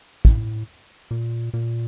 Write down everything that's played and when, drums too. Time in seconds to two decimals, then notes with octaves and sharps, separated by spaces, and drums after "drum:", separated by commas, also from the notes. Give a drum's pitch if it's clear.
0.25 A2, drum: kick
1.11 A#2
1.54 A#2